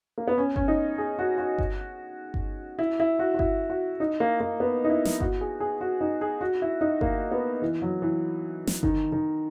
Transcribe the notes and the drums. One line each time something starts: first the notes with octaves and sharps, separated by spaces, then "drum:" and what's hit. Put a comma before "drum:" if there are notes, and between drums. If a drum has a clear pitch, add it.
A#3
B3
C#4
C#4, drum: kick G1
D#4
G#4
F#4
F#4
drum: kick G1
drum: kick G1
E4
E4
F#4
F#4
E4, drum: kick G1
F#4
D#4
A#3
A#3
B3
D#4
E4
drum: snare
F#4, drum: kick G1
G#4
G#4
F#4
D#4
G#4
F#4
E4
D#4
A#3, drum: kick G1
B3
E3
F#3
E3
drum: snare
D#3, drum: kick G1
D#3